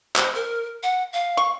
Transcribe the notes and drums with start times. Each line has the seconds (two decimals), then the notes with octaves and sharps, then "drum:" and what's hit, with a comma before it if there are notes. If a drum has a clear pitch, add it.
0.16 C5, drum: clap
0.35 A#4
0.83 F#5
1.13 F5
1.37 C#6